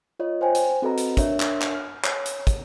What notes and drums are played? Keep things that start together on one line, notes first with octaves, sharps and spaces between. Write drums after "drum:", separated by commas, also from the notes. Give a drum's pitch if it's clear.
F4 C#5 D#5
C5 G5 G#5
drum: hi-hat
C4 F#4 A4 B4 D#5 A#5
drum: hi-hat
D4 A#4 C#5 E5, drum: kick, hi-hat
drum: clap
drum: clap
F6
C#5, drum: clap
drum: hi-hat
drum: kick, hi-hat